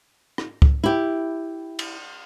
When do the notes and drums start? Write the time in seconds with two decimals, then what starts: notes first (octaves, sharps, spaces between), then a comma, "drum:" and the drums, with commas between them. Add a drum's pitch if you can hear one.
0.38 drum: rim click
0.62 drum: kick C#2
0.84 E4 G4
1.79 drum: cymbal